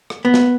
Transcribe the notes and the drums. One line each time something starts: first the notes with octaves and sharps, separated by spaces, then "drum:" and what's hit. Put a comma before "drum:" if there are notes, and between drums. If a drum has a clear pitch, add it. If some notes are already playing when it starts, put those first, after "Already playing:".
drum: rim click
B3
drum: snare